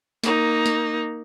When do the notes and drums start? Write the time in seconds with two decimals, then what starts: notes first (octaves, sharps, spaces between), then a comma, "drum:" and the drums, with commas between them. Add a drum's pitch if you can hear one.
0.24 A#3 D#4, drum: snare
0.66 drum: snare